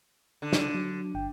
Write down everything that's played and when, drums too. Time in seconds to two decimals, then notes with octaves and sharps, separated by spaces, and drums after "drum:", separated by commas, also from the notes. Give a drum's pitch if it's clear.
0.42 D3
0.53 drum: snare
0.74 F#3
1.15 G1 G5